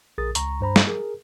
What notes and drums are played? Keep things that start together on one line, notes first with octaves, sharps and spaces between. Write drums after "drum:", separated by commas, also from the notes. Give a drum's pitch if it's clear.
A#1 G#4 A#4 D#6 A6
C#2 A#5 C#6, drum: hi-hat
G2 C5 A#5 B5
drum: snare
G#4 A#4